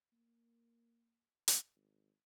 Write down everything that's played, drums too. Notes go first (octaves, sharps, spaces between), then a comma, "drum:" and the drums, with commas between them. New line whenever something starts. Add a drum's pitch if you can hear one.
A#3
drum: hi-hat
G#1